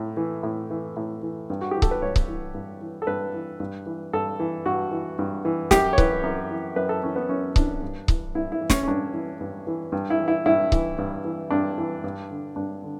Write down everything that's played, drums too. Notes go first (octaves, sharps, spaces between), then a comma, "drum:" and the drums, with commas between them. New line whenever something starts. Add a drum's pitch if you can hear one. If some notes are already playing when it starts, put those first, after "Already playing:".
Already playing: A2
E3
A2
E3
A2
E3
G2
F#4
E3 G4
A4, drum: kick C#1
B4
G2 C#5
drum: kick C#1
E3
G2
E3
A4
G2 B4
E3
G2
E3
G2 A4
E3
G2 F#4
E3
G2
E3
F#2 G4, drum: snare
C#5
E3 B4, drum: kick C#1
F#2
E3
F#2 B4
A4
E3 C#4
B3
F#2 C#4
E3 D4, drum: kick C#1
G2
E3, drum: kick C#1
G2 E4
E4
E3
C#4, drum: snare
C#4
G2 D4
E3
G2
E3
G2
E4
E3
E4
G2 E4
E3, drum: kick C#1
G2
E3
G2 D4
E3
G2
D3
G2 D4
D3